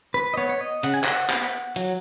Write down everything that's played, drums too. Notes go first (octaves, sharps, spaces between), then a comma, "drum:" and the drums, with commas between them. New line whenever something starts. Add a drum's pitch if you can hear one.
B4
D#5
B3 C#5
C#5
D#5
C#3 F#5, drum: hi-hat
G#5
F#5, drum: clap
B3, drum: clap
F#3, drum: hi-hat